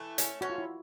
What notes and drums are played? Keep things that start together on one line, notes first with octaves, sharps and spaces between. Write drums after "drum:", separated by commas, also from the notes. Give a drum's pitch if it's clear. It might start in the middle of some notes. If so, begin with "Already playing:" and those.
Already playing: E3 A3
C#4, drum: hi-hat
C#4 F#4
F4
E4